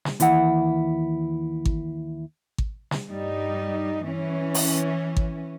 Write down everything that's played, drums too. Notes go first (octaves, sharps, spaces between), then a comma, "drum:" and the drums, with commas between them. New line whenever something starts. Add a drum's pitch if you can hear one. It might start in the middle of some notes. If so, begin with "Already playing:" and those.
drum: snare
D#2 E3 E4 F#5, drum: hi-hat
drum: kick G#1
drum: kick G#1
drum: snare
G2 G3 D#4
E3 C#4
drum: open hi-hat
drum: kick G#1